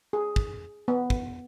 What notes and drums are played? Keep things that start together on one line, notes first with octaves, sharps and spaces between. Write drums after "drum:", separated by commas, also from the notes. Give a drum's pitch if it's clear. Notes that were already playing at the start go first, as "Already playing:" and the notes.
G#4
drum: kick
B3
drum: kick